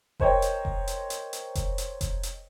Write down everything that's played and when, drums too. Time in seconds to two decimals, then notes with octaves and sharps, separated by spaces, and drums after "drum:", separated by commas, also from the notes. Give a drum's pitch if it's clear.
0.20 A#4 C5 C#5 D#5 G5, drum: kick F1
0.42 drum: hi-hat
0.65 drum: kick F1
0.87 drum: hi-hat
1.10 drum: hi-hat
1.33 drum: hi-hat
1.55 drum: kick F1, hi-hat
1.78 drum: hi-hat
2.01 drum: kick F1, hi-hat
2.23 drum: hi-hat